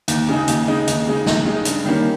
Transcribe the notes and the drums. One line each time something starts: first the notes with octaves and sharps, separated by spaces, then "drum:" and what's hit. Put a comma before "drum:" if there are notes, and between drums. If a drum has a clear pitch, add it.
D#2, drum: hi-hat
C#3 G#3 D#4
D#2, drum: hi-hat
C#3 G#3 D#4
D#2, drum: hi-hat
C#3 G#3 D#4
D#2, drum: snare
C#3 G#3 D#4
G2, drum: hi-hat
D#3 G3 A#3 C#4